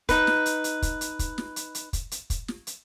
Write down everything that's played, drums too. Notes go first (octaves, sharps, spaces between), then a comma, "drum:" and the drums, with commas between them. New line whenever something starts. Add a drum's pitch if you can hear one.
D#4 B4, drum: kick, hi-hat
drum: snare
drum: hi-hat
drum: hi-hat
drum: kick, hi-hat
drum: hi-hat
drum: kick, hi-hat
drum: snare
drum: hi-hat
drum: hi-hat
drum: kick, hi-hat
drum: hi-hat
drum: kick, hi-hat
drum: snare
drum: hi-hat